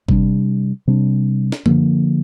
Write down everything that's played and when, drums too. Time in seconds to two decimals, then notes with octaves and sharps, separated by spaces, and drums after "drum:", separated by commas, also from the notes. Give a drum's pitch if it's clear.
0.09 C3 G3 D4, drum: kick G1
0.87 C3 G3 D4
1.52 drum: snare
1.66 D3 F3 A#3, drum: tom F#2